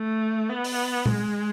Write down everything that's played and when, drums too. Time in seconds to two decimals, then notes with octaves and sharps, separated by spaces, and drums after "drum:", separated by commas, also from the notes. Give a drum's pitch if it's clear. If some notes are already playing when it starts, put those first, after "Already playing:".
Already playing: A3
0.50 B3
0.64 drum: open hi-hat
1.06 G#3, drum: tom A#2